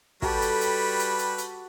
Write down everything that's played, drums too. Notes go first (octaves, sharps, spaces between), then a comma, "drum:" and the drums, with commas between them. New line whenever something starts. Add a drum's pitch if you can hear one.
G3 F#4 G4 A4 B4, drum: kick
drum: hi-hat
drum: hi-hat
drum: hi-hat
drum: hi-hat
drum: hi-hat